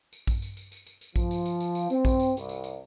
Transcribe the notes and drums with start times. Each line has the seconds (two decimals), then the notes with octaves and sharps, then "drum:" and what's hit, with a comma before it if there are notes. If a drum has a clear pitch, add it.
0.13 drum: tambourine
0.27 drum: kick A#1, tambourine
0.42 drum: tambourine
0.57 drum: tambourine
0.72 drum: tambourine
0.87 drum: tambourine
1.01 drum: tambourine
1.16 F3, drum: kick A#1, tambourine
1.31 drum: tambourine
1.46 drum: tambourine
1.60 drum: tambourine
1.75 drum: tambourine
1.90 C4, drum: tambourine
2.05 drum: kick A#1, tambourine
2.20 drum: tambourine
2.37 C2, drum: tambourine
2.49 drum: tambourine
2.64 drum: tambourine